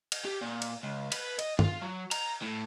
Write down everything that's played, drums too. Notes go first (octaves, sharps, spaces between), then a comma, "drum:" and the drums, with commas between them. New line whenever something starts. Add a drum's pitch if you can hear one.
drum: cymbal
G4
A#2
drum: cymbal
C#2
B4, drum: cymbal
D#5, drum: cymbal
F4, drum: tom G2
F#3
A#5, drum: cymbal
A2